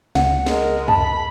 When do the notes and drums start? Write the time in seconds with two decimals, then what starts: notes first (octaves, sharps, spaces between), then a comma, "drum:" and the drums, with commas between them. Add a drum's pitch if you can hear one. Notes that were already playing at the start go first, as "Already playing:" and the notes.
0.15 C#2 F#5, drum: snare
0.46 G#3 A#4, drum: snare
0.88 A5 B5, drum: tom F2